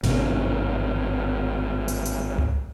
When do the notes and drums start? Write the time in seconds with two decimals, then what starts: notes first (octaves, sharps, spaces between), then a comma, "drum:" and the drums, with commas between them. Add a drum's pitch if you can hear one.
0.03 G#1 G2 C3 B3, drum: snare
1.88 drum: hi-hat
2.05 drum: hi-hat
2.38 drum: tom C2